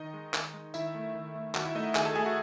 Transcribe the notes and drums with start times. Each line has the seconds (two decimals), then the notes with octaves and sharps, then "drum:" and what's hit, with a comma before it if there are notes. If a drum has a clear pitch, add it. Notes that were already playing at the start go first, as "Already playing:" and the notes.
Already playing: D#3 D#4 D#5
0.14 G#3
0.34 D#3, drum: clap
0.54 G#3
0.74 D#3 E4 E5, drum: tambourine
0.95 A3
1.15 D#3
1.35 A3
1.55 D#3 F#4 F#5, drum: clap
1.65 E4 E5
1.75 A3 D#4 D#5
1.95 D#3 G#4 G#5, drum: clap
2.05 A4 A5
2.15 A3 G#4 G#5
2.26 F#4 F#5